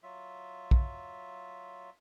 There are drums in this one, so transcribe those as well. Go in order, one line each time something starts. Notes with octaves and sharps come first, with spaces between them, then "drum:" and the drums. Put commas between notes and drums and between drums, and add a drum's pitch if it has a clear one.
F#3 F4 E5
drum: kick